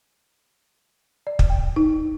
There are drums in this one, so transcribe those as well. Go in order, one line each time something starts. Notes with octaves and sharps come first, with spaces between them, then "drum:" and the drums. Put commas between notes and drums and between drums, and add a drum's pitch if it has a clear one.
D5
drum: kick
G5
D#4